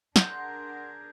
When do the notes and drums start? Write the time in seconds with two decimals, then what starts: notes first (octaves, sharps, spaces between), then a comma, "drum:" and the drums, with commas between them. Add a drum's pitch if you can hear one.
0.16 D4 G#4 A#4 F#5 C6 G6, drum: snare